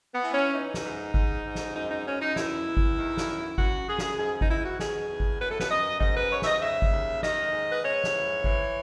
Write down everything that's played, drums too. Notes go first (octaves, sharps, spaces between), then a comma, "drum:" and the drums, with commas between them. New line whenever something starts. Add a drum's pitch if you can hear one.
B3
E3
C#4
E3 D#4
drum: snare
G#2
G#2, drum: kick G#1
G#2
drum: snare
F#2 D#4
D#4
F#2 C#4
D#4
E2 E4, drum: snare
E2
drum: kick G#1
D#3
drum: snare
F#2
F#2 F#4, drum: kick G#1
F#2 G#4
drum: snare
G#2 G#4
D#4, drum: kick G#1
D#3 E4
F#4
B2 G#4, drum: snare
E2
drum: kick G#1
F#2 B4
A4
B4, drum: snare
F#2 D#5
G#2 D#5, drum: kick G#1
B4
G#2 C#5
E5, drum: snare
D#5
C#3 E5
drum: kick G#1
D#2
D#3 D#5, drum: snare
G#2
B4
G#2 C#5
drum: snare
E3
E3, drum: kick G#1